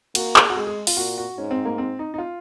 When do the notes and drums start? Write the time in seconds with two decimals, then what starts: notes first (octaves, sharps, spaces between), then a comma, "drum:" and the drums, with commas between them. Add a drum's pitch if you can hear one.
0.15 A#3 F#4, drum: cymbal
0.36 G#4, drum: clap
0.50 F#4
0.56 G#3 G#4
0.67 G#4
0.87 F4, drum: open hi-hat
0.97 A#2 F#4
1.18 F#4
1.37 G#2 C#4
1.51 C4
1.65 A#3
1.78 C4
1.99 D#4
2.14 D#4
2.18 F4